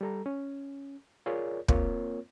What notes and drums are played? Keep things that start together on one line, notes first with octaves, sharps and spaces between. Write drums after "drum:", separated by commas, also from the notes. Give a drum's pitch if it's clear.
G3 A4 A#5
C#4
F4 G#4 A#4 C#5 D5
A#3 C4 F4 A#4 C#5, drum: kick